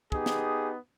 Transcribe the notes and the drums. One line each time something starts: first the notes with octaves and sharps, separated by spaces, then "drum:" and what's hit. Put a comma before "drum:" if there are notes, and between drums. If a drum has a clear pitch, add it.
B3 D#4 G4 G#4, drum: kick
drum: snare